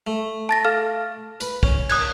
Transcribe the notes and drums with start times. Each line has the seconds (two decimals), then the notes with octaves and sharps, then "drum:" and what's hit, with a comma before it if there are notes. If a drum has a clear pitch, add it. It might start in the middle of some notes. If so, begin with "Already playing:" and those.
0.07 A3
0.49 A5 A6 A#6
0.65 A4 F5 F6
1.40 B4 B5, drum: tambourine
1.63 C#4, drum: kick
1.89 D#6 F#6 G#6, drum: cymbal